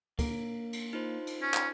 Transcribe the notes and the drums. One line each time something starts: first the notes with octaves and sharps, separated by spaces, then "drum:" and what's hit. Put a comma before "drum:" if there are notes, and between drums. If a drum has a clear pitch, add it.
A#3, drum: kick, cymbal
drum: cymbal
D#4 F4 C5
drum: cymbal
C#4
drum: clap